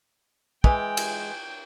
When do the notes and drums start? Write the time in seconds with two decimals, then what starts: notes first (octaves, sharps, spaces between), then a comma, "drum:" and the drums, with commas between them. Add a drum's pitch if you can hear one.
0.64 E3 G#3 G5 G#5, drum: kick
0.97 drum: cymbal